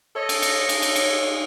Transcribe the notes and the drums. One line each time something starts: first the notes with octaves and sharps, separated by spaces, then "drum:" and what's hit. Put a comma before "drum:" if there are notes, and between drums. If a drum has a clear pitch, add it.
A4 C#5 D#5
drum: cymbal
drum: cymbal
drum: cymbal
drum: cymbal
drum: cymbal